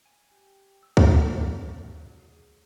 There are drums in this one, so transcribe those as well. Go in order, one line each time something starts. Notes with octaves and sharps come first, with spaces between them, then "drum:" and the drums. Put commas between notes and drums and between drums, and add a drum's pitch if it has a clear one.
G#5
G4
E6
G4, drum: kick C#2
C#6
F#3
G#4